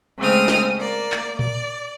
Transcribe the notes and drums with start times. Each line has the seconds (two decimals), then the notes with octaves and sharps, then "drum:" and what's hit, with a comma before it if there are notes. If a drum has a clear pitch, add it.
0.18 C#3 G#3 A3 C4 D#6 F6
0.48 drum: snare
0.76 A#3 D5
1.12 drum: clap
1.39 D5, drum: tom A#2